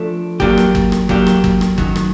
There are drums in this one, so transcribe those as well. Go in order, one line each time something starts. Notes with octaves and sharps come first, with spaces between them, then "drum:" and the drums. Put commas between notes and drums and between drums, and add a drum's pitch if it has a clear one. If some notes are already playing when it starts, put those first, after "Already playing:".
Already playing: F3 A3 D4
F#3 A#3 D4 G4, drum: kick
drum: rim click
drum: kick
drum: rim click
F#3 A#3 D4 G4, drum: kick
drum: rim click
drum: kick
drum: rim click
F#2 D#3 F#3, drum: kick
drum: rim click